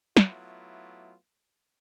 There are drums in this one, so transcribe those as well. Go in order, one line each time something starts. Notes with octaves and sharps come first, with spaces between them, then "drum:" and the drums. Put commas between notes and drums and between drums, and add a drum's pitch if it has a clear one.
F#3 A3 B3 E4 F4, drum: snare